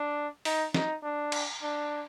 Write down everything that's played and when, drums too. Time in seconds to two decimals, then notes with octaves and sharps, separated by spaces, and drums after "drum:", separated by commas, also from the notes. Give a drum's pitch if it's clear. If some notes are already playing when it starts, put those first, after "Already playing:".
Already playing: D4
0.45 D#4, drum: open hi-hat
0.74 D#4, drum: snare
1.03 D4
1.32 drum: cymbal
1.63 D4